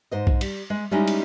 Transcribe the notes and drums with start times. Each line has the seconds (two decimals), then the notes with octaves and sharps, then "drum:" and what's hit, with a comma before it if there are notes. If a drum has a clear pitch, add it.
0.11 G#2 C5 D#5
0.27 drum: kick B1
0.41 G3, drum: cymbal
0.70 G#3
0.91 G3 G#3 C#4 D#4 E4
1.08 drum: cymbal